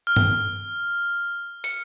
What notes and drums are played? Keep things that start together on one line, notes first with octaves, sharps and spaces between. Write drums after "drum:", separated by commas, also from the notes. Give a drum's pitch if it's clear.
F6
drum: tom G2
C#7, drum: hi-hat